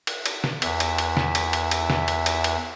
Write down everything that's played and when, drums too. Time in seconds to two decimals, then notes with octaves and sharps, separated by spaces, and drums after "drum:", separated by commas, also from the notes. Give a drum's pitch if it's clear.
0.07 drum: cymbal
0.26 drum: cymbal
0.44 drum: snare
0.62 E2 E5, drum: cymbal
0.80 drum: cymbal
0.98 drum: cymbal
1.17 drum: snare
1.35 drum: cymbal
1.53 drum: cymbal
1.71 drum: cymbal
1.90 drum: snare
2.08 drum: cymbal
2.26 drum: cymbal
2.44 drum: cymbal